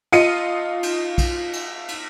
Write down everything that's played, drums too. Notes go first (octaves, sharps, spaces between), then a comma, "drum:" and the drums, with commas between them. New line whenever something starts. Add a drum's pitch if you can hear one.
F4 D#5 C#7 D#7, drum: cymbal
drum: cymbal
drum: kick A#1, cymbal
drum: cymbal
drum: cymbal